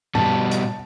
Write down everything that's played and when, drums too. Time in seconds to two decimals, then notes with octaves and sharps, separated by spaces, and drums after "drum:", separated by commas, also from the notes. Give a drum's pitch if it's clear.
0.15 B2 G3 A5, drum: tom G2
0.51 drum: hi-hat